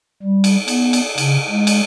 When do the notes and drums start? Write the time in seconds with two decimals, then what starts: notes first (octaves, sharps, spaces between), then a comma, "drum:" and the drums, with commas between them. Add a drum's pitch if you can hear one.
0.23 G3
0.44 drum: cymbal
0.68 B3, drum: cymbal
0.93 drum: cymbal
1.18 C#3, drum: cymbal
1.50 G#3
1.67 drum: cymbal